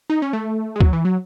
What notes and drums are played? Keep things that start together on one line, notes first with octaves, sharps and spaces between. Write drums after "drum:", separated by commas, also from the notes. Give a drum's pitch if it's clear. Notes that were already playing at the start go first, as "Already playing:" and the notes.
D#4
C#4
A3
G#3
F#3, drum: kick
E3
F#3